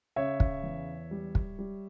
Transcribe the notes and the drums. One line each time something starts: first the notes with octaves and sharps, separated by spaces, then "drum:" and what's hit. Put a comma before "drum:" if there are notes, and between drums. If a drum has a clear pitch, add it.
C#3 C#5 E5
drum: kick
E2
G3
drum: kick
G3